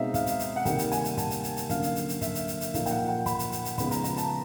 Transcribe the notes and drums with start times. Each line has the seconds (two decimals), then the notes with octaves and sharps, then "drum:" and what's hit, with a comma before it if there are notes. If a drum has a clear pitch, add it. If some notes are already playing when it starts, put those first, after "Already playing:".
Already playing: B2 G#3 C4 D#4 E5 F5
0.14 F5, drum: kick, hi-hat
0.26 drum: hi-hat
0.39 drum: hi-hat
0.56 F#5
0.65 C3 D#3 G3 A#3 G5, drum: kick, hi-hat
0.78 drum: hi-hat
0.92 G#5, drum: hi-hat
1.05 drum: hi-hat
1.17 A5, drum: kick, hi-hat
1.31 drum: hi-hat
1.44 drum: hi-hat
1.57 drum: hi-hat
1.70 D3 F#3 A#3 C#4 F5, drum: kick, hi-hat
1.83 drum: hi-hat
1.96 drum: hi-hat
2.09 drum: hi-hat
2.21 E5, drum: kick, hi-hat
2.35 drum: hi-hat
2.48 drum: hi-hat
2.61 drum: hi-hat
2.74 A#2 F3 A#3 D#4 F5, drum: kick, hi-hat
2.86 G5, drum: hi-hat
2.91 F#5
3.09 G5
3.26 B5, drum: kick, hi-hat
3.39 drum: hi-hat
3.52 drum: hi-hat
3.65 drum: hi-hat
3.78 C#3 F3 G#3 B3 D#4 B5, drum: kick, hi-hat
3.91 A#5, drum: hi-hat
4.04 A#5, drum: hi-hat
4.17 A5, drum: hi-hat